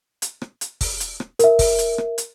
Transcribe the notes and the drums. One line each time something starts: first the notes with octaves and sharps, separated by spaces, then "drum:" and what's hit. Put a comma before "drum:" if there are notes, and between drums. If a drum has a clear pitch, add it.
drum: hi-hat
drum: rim click
drum: hi-hat
drum: kick, open hi-hat
drum: hi-hat
drum: rim click
A#4 E5, drum: hi-hat
drum: kick, open hi-hat
drum: hi-hat
drum: rim click
drum: hi-hat